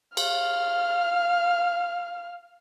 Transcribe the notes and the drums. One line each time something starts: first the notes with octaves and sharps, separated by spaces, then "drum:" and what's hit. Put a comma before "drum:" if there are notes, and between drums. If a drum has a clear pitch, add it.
F5 F6, drum: cymbal